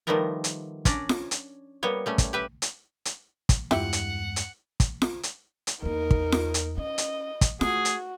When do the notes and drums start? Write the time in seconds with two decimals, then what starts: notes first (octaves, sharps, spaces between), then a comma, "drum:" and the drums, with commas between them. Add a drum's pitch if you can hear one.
0.07 D#3 F3 G3 A3 B3 A#4
0.44 drum: hi-hat
0.85 C#4 D4 D5 A#5, drum: kick, hi-hat
1.09 drum: snare F4
1.31 drum: hi-hat
1.83 G3 A#3 B3 C#5
2.06 G3 A3 C#4
2.18 drum: kick, hi-hat
2.33 G4 B4 E5
2.62 drum: hi-hat
3.05 drum: hi-hat
3.49 drum: kick, hi-hat
3.71 E2 G2 G#3 E4 G4 E5 F#5, drum: snare F4
3.93 drum: hi-hat
4.36 drum: hi-hat
4.80 drum: kick, hi-hat
5.02 drum: snare F4
5.23 drum: hi-hat
5.67 drum: hi-hat
5.83 E2 A#3 D#4 A#4
6.11 drum: kick
6.32 drum: snare F4
6.54 drum: hi-hat
6.78 C#4 D#5
6.98 drum: hi-hat
7.41 drum: kick, hi-hat
7.61 A3 F#4 G#4, drum: snare F4
7.85 drum: hi-hat